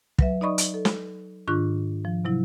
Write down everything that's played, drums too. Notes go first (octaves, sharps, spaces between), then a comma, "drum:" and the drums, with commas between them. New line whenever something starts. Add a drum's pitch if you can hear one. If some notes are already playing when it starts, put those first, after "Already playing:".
F#3 B4 E5, drum: kick
D#4 D5 D#5 B5 C#6 D#6
drum: hi-hat
A4
drum: snare
G#2 D#3 D4 F4 C#6 F#6
F3
C3 F#3 E4